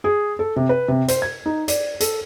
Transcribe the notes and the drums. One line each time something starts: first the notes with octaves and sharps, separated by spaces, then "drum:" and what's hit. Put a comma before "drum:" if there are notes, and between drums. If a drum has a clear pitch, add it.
G#4
A4
C3
B4
C3
C5, drum: hi-hat
G#6
D#4
D5, drum: hi-hat
A4, drum: hi-hat